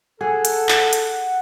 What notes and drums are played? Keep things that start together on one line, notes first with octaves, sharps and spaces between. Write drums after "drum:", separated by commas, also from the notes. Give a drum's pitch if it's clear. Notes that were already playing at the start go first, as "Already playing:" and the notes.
G#4 A4 F#5
drum: hi-hat
drum: clap
drum: hi-hat